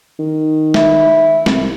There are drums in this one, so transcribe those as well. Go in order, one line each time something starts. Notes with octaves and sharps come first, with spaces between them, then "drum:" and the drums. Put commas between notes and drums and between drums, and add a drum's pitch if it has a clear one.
D#3
E4, drum: snare
C2, drum: snare